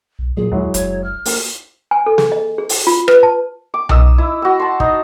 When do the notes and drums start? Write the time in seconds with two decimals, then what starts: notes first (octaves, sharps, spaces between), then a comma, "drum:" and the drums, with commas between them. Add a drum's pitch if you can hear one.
0.19 B1
0.37 A#2 F#3 G#4
0.52 D#2 F#3 G#3 E4
0.74 F#1 C#5, drum: hi-hat
1.04 F6
1.25 A#3, drum: open hi-hat
1.91 G#5
2.06 A4
2.18 G#4, drum: snare
2.32 D#5
2.58 G#4
2.69 drum: open hi-hat
2.87 F4
3.08 B4, drum: rim click
3.23 A5
3.74 D6
3.89 D#4 D#6 E6, drum: tom B1
4.18 E4
4.42 F#4 E6
4.60 A5 C6
4.80 D#4, drum: kick